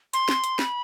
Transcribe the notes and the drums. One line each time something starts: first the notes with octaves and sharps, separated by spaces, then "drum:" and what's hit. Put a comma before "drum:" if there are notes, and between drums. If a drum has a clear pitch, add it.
C6, drum: hi-hat
drum: snare
drum: hi-hat
B5, drum: snare